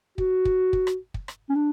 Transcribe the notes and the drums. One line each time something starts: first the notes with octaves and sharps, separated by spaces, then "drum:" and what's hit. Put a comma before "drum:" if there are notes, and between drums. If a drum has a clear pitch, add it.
F#4, drum: kick
drum: kick
drum: kick
drum: rim click
drum: kick
drum: rim click
C#4
D4